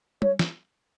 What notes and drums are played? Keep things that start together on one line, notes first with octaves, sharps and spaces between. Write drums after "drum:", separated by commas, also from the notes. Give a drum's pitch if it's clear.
C#5, drum: tom
drum: snare